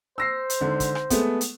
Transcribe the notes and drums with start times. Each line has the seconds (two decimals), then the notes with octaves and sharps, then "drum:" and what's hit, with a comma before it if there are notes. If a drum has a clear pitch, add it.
0.18 C5 E6 A#6 C7
0.50 drum: hi-hat
0.61 G#1 D3
0.80 drum: kick, hi-hat
0.95 drum: rim click
1.10 G#3 A3 B3, drum: kick, hi-hat
1.41 drum: hi-hat